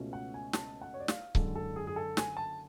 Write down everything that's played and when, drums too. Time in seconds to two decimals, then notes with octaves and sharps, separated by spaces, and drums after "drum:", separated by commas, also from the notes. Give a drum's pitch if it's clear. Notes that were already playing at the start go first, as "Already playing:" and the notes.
Already playing: C#2 B2 A3 C#4
0.13 F#5
0.34 G#5
0.53 A5, drum: snare
0.81 F#5
0.94 C#5
1.00 D5
1.08 F5, drum: snare
1.35 F#1 F#2 D3 G#3 A4, drum: kick C#1
1.55 A4
1.76 G#4
1.87 G#4
1.96 A4
2.17 G#5, drum: snare
2.37 A5